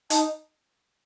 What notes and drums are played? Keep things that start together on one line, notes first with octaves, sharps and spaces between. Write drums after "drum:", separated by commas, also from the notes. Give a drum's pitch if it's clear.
D#4 A5, drum: hi-hat